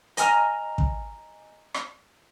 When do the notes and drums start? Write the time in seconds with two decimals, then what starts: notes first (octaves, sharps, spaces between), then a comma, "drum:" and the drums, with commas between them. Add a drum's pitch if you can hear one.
0.17 D#5 G#5 A#5 F6, drum: hi-hat
0.78 drum: kick
1.74 drum: rim click